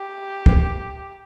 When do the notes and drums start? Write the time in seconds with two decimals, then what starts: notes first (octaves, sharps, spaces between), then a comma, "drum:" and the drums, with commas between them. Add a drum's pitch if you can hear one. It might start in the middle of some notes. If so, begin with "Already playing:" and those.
Already playing: G4
0.46 drum: kick